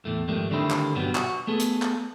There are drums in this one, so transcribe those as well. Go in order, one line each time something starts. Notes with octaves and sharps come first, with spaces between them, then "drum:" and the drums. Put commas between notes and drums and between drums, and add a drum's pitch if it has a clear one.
E2 A2 A3
F2 G#2 D#3 G3 A3
D3 D#3 G3 A3 C4 E4
drum: clap
G2 B2 F#3 G3 B3
F#4, drum: clap
A3 B3 G#4 A4
drum: hi-hat
drum: clap